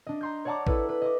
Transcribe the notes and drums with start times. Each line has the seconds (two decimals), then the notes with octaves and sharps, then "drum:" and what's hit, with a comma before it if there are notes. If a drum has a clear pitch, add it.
0.07 D4 D#5
0.21 A#5 C6 G6
0.45 C#5 D5 F#5 A5 A#5 D6
0.67 E4 A4 B4 D6, drum: kick A1
0.89 B4
1.02 D#5 D6